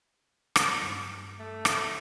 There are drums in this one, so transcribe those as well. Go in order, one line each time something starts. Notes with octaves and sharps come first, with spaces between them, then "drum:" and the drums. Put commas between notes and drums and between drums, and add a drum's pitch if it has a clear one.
drum: rim click
G2
A3
drum: rim click